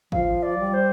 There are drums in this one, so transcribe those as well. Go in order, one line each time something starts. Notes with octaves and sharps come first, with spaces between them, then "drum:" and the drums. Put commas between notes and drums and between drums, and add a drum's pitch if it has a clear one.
F3 F5, drum: kick
D5
G3
C5